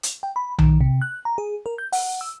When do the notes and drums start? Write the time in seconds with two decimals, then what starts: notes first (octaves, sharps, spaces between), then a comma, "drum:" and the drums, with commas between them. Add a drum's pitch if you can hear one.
0.03 drum: hi-hat
0.23 G5
0.36 B5
0.59 D#3, drum: tom B1
0.81 C3
1.02 F#6
1.25 A#5
1.38 G#4
1.66 A#4
1.78 G6
1.92 F#5, drum: open hi-hat
2.21 E6